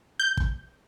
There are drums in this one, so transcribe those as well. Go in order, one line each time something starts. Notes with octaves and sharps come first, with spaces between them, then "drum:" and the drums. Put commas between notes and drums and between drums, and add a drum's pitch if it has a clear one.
G6
drum: kick